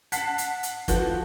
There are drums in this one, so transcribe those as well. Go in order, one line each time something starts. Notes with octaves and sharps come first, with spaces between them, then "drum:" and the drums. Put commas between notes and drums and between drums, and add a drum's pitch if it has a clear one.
F#5 A5 B6 C7, drum: hi-hat
drum: hi-hat
drum: hi-hat
E3 F3 A3 F#4, drum: kick, hi-hat